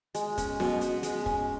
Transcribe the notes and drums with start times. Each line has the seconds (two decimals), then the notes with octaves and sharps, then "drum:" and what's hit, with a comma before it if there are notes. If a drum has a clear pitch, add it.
0.15 G#3, drum: hi-hat
0.38 C#4, drum: kick, hi-hat
0.60 B2, drum: snare C4
0.81 B2, drum: hi-hat
1.03 G#3, drum: hi-hat
1.26 C#4, drum: kick